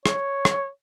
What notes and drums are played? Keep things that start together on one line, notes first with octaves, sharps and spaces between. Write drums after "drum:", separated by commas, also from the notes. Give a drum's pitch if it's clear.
C#5, drum: rim click
drum: rim click